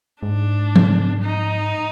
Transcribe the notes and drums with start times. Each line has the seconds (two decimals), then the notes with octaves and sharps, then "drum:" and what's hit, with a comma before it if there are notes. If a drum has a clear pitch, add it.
0.23 G#2 D4
0.76 drum: tom F3
1.23 D#4
1.73 A2